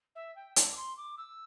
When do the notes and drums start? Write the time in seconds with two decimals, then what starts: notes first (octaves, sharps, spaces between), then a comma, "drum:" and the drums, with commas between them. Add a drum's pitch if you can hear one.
0.15 E5
0.36 G5
0.56 A5, drum: hi-hat
0.72 D6
0.76 C6
0.97 D6
1.17 E6